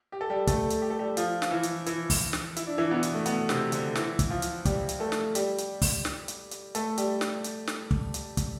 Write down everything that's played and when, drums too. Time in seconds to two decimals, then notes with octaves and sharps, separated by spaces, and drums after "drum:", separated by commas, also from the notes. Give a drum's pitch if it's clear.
0.12 G4
0.21 A4
0.30 G3 G4
0.47 A3 A4, drum: kick, hi-hat
0.70 drum: hi-hat
0.82 G4
0.90 A4
0.99 G3 G4
1.17 F3 F4, drum: hi-hat
1.42 F4, drum: snare
1.51 E3 E4
1.63 drum: hi-hat
1.86 E3 E4, drum: hi-hat
2.10 drum: kick, open hi-hat
2.33 drum: snare
2.56 E4, drum: hi-hat
2.67 D4
2.78 E3 E4
2.91 B2 B3
3.03 drum: hi-hat
3.14 A3
3.26 B2 B3, drum: hi-hat
3.49 C3 C4, drum: snare
3.72 D3 D4, drum: hi-hat
3.95 E3 E4, drum: snare
4.19 drum: kick, hi-hat
4.30 F3 F4
4.42 drum: hi-hat
4.65 G3 G4, drum: kick, hi-hat
4.89 drum: hi-hat
5.00 A3 A4
5.12 drum: snare
5.35 G3 G4, drum: hi-hat
5.58 drum: hi-hat
5.82 drum: kick, open hi-hat
6.05 drum: snare
6.28 drum: hi-hat
6.51 drum: hi-hat
6.75 A3 A4, drum: hi-hat
6.98 G3 G4, drum: hi-hat
7.21 drum: snare
7.44 drum: hi-hat
7.67 drum: snare
7.91 drum: kick
8.14 drum: hi-hat
8.37 drum: kick, hi-hat